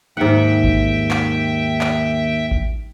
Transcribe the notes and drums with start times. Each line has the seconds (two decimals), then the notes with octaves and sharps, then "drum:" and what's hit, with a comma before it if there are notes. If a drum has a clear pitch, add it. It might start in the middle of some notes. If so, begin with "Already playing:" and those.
0.17 D#2 G#2 E5 F#5 G5
0.64 drum: kick A1
1.11 drum: clap
1.81 drum: clap
2.51 drum: kick A1